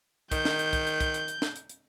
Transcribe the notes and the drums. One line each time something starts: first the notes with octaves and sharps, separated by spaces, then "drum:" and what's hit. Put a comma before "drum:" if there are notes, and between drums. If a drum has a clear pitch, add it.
D#3 G6, drum: kick, hi-hat
drum: snare
drum: hi-hat
drum: kick, hi-hat
drum: hi-hat
drum: kick, hi-hat
drum: hi-hat
drum: hi-hat
drum: snare
drum: hi-hat
drum: hi-hat